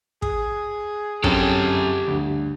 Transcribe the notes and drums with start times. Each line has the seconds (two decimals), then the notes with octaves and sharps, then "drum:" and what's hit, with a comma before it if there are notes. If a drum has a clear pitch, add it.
0.22 G#4, drum: kick
1.24 F#2 C4 G4 A4 E7, drum: kick
2.08 D2 G2